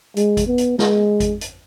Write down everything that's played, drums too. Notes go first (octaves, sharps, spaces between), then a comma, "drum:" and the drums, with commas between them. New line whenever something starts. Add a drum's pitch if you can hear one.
G#3, drum: hi-hat
drum: kick G#1, hi-hat
B3
drum: hi-hat
G#3, drum: snare
drum: kick G#1, hi-hat
drum: hi-hat